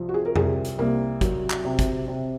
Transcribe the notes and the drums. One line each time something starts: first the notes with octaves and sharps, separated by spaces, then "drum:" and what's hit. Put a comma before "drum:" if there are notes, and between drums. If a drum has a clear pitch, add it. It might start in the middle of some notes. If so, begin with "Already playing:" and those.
Already playing: C2 F3
F#4
G#4
A#4
C2 G#4, drum: tom F2
drum: hi-hat
C2 A#3
F#3, drum: kick, hi-hat
drum: clap
C3
drum: kick, hi-hat
C3